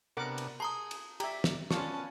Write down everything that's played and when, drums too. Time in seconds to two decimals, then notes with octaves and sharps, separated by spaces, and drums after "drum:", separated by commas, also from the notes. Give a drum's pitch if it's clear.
0.17 C3 B3 D4 A#4 F#5 D6
0.38 drum: cymbal
0.60 G#4 A5 A#5 C6 D#6
0.91 drum: cymbal
1.20 G4 D5 E5 A#5, drum: cymbal
1.44 drum: snare
1.71 B3 C#4 F4 D5 A5 C#6, drum: snare